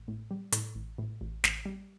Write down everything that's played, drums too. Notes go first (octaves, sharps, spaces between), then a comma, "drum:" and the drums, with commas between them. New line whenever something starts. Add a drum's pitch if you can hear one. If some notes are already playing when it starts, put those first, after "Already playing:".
Already playing: A1
A2
G3
A2, drum: hi-hat
A1
A2
A1
A1, drum: snare
G3